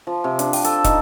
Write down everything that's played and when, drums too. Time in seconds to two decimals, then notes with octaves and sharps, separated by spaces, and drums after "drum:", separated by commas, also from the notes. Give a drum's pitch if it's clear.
0.07 F3
0.24 C3
0.39 D4, drum: hi-hat
0.53 G5, drum: open hi-hat
0.64 A4, drum: hi-hat
0.84 D#4, drum: kick, hi-hat